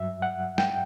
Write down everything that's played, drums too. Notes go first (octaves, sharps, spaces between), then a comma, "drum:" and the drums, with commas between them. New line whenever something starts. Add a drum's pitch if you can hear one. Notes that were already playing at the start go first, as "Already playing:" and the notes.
Already playing: G2 F#3 E5
F#5
G5, drum: snare